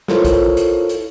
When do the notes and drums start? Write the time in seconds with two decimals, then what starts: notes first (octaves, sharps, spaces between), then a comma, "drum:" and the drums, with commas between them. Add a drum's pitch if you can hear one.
0.08 E4 F4 A4 A#4 C5 C#5, drum: snare
0.25 drum: kick, hi-hat
0.57 drum: hi-hat
0.89 drum: hi-hat